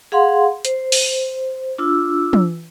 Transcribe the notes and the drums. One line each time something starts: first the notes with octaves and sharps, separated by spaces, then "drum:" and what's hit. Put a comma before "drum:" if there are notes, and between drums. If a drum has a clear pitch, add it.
G#4 F5 F#5 C6
C5, drum: hi-hat
drum: open hi-hat
D4 F4 E6
drum: tom